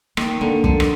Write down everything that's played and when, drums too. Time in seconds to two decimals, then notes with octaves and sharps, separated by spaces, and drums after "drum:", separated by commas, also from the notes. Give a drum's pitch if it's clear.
0.17 D#3 A#3, drum: rim click
0.41 D3 A#3
0.64 D3 F3, drum: kick
0.80 drum: rim click